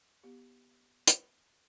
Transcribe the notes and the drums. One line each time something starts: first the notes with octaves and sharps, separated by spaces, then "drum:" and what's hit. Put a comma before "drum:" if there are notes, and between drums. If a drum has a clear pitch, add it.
B3 G4
drum: hi-hat